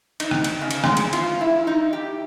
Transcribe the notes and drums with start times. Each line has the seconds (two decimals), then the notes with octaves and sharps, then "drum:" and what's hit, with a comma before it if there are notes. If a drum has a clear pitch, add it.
0.20 D#4, drum: cymbal
0.31 drum: rim click
0.44 drum: cymbal
0.61 C#3
0.71 drum: cymbal
0.84 G#3, drum: rim click
0.97 drum: cymbal
1.13 F4, drum: cymbal
1.41 E4
1.67 D#4
1.93 G4